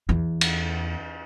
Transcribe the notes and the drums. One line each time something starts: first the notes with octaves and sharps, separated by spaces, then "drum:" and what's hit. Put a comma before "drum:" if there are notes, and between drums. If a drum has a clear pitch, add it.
E2
drum: cymbal